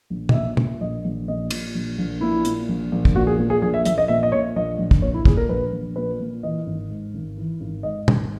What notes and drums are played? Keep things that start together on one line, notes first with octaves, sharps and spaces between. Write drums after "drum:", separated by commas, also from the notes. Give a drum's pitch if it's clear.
A#1
D#5, drum: tom
A#2 E5
A#2, drum: tom
A#1 D#5
A#1
A#2 D#5
A#2, drum: cymbal
A#1
A#1
A#2 E4
A#2, drum: hi-hat
A#1
A#1
drum: kick
A#2 F#4
G#4
A#2
G#4
A#1 G#4
E5
A#1 E5, drum: hi-hat
D#5
A#2 E5
D#5
A#2 C#5
A#1 D#5
A#1
drum: kick
A#2 C#5
E4
A#2 G#4, drum: kick
A#4
A#1 B4
A#1
A#2 B4
A#2
E3 D#5
G#1
G#2
G#1
E3
G#1
G#2 D#5
G#1, drum: tom